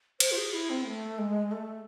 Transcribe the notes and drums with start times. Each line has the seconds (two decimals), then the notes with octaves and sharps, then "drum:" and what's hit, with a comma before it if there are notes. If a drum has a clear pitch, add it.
0.20 C5, drum: cymbal
0.32 F4
0.37 G#4
0.53 E4
0.70 C4
0.86 A3
1.18 G#3
1.52 A3